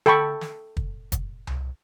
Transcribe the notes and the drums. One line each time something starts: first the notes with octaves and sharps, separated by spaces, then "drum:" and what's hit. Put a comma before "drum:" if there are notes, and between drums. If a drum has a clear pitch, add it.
A4 G5 B5 C#6, drum: tom D3
drum: snare
drum: kick
drum: kick, hi-hat
drum: tom C2